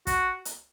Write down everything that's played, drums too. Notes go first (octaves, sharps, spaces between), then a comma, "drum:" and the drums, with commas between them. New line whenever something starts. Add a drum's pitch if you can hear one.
F#4, drum: kick, hi-hat
drum: hi-hat